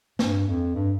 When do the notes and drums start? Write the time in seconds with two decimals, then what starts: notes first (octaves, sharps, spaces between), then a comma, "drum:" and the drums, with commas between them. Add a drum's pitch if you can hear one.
0.19 G2, drum: snare
0.48 F2
0.75 G2